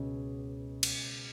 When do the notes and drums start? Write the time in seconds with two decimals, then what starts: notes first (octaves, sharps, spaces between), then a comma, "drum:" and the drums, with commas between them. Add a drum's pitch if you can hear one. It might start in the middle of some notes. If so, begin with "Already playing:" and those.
Already playing: C#2 B2
0.83 drum: cymbal